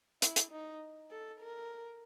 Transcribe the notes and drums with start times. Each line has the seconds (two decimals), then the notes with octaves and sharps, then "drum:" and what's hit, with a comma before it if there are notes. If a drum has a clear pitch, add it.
0.22 E4, drum: hi-hat
0.36 drum: hi-hat
0.52 D#4
1.11 A4
1.41 A#4